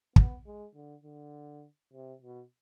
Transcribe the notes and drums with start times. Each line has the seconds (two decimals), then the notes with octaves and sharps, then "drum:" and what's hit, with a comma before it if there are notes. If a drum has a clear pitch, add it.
0.16 B3, drum: kick
0.46 G#3
0.75 D3
1.04 D3
1.93 C3
2.22 B2